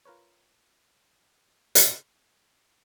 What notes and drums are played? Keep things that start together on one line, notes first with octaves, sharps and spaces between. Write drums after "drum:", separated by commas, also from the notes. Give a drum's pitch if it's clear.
F4 A#4 B4 C#5
drum: hi-hat